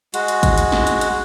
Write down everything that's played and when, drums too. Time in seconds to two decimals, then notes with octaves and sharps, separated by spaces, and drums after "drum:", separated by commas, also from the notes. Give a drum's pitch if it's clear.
0.14 G#3 F#4, drum: hi-hat
0.28 drum: hi-hat
0.43 drum: kick, hi-hat
0.58 drum: hi-hat
0.72 drum: snare
0.87 drum: hi-hat
1.01 drum: hi-hat